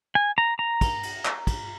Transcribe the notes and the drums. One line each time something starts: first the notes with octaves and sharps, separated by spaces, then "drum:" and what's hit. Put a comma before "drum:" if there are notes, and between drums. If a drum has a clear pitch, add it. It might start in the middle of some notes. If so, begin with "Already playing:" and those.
G#5
A#5
A#5
drum: kick, cymbal
drum: cymbal
drum: clap
drum: kick, cymbal